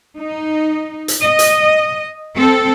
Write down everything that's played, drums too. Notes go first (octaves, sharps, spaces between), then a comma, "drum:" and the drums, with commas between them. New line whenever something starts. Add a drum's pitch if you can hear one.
D#4
drum: hi-hat
D#5
drum: hi-hat
C4 A4